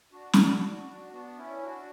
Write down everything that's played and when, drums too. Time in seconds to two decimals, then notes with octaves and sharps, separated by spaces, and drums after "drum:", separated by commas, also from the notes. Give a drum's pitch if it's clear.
0.12 D4 F#4
0.33 drum: snare
1.12 B3 D4
1.38 C#4 E4
1.63 D4 F#4